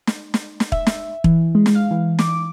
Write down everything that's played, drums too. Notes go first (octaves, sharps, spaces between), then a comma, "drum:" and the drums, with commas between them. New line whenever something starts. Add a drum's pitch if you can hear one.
drum: snare
drum: snare
drum: snare
E5, drum: kick E1
drum: snare
E3, drum: kick E1
G#3
drum: snare
F5
E3
D6, drum: snare